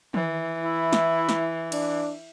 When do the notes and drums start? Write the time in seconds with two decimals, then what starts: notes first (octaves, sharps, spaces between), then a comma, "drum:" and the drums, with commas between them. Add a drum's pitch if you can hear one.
0.14 E3, drum: tom
0.63 E4
0.93 drum: snare
1.29 drum: snare
1.72 D4, drum: cymbal